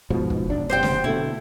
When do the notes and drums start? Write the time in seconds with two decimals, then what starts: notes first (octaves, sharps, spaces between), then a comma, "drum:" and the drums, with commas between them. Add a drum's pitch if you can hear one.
0.10 G#2 B2 F3
0.30 drum: kick
0.50 E1 D4
0.70 F#1 C3 C5 D#5 G5
0.83 drum: snare
1.04 B2 D3 A3 E4